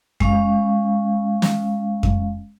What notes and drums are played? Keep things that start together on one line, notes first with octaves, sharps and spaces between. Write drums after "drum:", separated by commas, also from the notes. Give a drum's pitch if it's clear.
G#3 C#4 F5, drum: kick F2
drum: snare
drum: kick F2